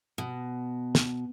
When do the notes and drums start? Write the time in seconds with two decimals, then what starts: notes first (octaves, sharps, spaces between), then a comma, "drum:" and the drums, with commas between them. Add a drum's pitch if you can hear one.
0.18 B2
0.95 drum: snare